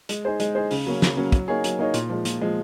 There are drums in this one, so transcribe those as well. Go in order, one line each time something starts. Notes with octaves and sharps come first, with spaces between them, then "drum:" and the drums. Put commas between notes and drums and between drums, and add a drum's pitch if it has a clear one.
G#3, drum: hi-hat
D#4 G#4 C5
G#3, drum: hi-hat
D#4 G#4 C5
C#3, drum: open hi-hat
F#3 A#3 C#4
C#3, drum: snare
F#3 A#3 C#4
F#3, drum: kick, hi-hat
A#3 D#4 G#4 C#5
F#3, drum: hi-hat
A#3 D#4 G#4 C#5
A#2, drum: hi-hat
F3 G#3
A#2, drum: hi-hat
F3 G#3